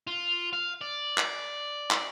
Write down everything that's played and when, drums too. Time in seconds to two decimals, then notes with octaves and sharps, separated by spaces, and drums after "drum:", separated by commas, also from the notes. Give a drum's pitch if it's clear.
0.07 F4
0.53 F5
0.81 D5
1.18 drum: clap
1.91 drum: clap